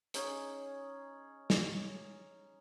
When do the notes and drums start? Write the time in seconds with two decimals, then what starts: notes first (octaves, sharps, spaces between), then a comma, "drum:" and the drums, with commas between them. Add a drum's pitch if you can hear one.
0.14 C#4 D#4 G#4, drum: hi-hat
1.50 drum: snare